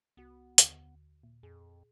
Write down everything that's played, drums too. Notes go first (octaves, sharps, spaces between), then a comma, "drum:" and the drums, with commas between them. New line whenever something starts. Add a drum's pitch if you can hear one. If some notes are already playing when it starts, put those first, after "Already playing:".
C2 B3 F#4
D#2 D3, drum: hi-hat
A#2
F2 G#4